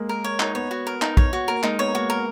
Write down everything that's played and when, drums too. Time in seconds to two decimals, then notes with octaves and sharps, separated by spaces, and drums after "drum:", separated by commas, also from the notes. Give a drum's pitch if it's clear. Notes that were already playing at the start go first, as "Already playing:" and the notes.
Already playing: G#3 A#3
0.09 A#4
0.24 C#5
0.40 D#4, drum: clap
0.55 B3 C#5
0.71 F#4
0.87 A#4
1.02 D#4, drum: clap
1.17 C#5, drum: kick
1.33 F#4
1.48 A#3 A#4
1.63 G#3 D#4, drum: clap
1.79 B3 C#5
1.95 A#3 F#4
2.10 A#4